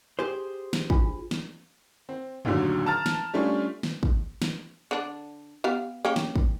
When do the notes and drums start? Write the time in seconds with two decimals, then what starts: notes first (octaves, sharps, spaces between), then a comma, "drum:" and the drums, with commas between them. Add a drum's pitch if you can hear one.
0.19 G4 G#4 C5
0.73 drum: snare
0.90 D4 F4, drum: kick
1.31 drum: snare
2.09 C4
2.45 A1 D#2 A#2 D3 F#3, drum: tom F#2
2.86 A5 A#5 F6 A6
3.06 drum: snare
3.34 G3 A3 C#4 D4 F4
3.83 drum: snare
4.03 drum: kick
4.42 drum: snare
4.91 D3 D4
5.64 B3 G4 F5
6.05 A#3 C#4 G4
6.16 drum: snare
6.36 drum: kick